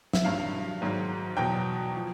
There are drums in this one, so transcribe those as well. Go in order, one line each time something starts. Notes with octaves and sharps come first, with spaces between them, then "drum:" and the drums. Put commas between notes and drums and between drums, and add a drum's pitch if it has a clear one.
E5, drum: snare
G2 D#3 F#3 F5
G#2 D#3 F#3
E2 B2 F#3 G5
F3